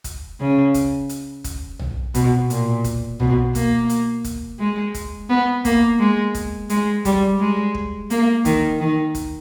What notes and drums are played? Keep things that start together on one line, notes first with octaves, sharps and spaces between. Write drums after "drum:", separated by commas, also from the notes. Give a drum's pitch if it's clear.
drum: kick, hi-hat
C#3
drum: kick, hi-hat
drum: hi-hat
drum: kick, hi-hat
drum: tom
B2, drum: kick, hi-hat
A#2, drum: hi-hat
drum: kick, hi-hat
B2, drum: tom
A#3, drum: kick, hi-hat
drum: hi-hat
drum: kick, hi-hat
G#3
drum: kick, hi-hat
B3
A#3, drum: kick, hi-hat
G#3
drum: kick, hi-hat
G#3, drum: hi-hat
G3, drum: kick, hi-hat
G#3
drum: kick
A#3, drum: hi-hat
D#3, drum: kick, hi-hat
D#3
drum: kick, hi-hat